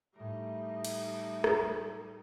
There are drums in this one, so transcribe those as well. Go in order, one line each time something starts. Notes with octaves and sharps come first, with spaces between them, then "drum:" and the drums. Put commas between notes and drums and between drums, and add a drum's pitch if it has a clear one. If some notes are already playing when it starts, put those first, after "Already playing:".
A2 G3 A3 D#4 A#4
drum: cymbal
drum: rim click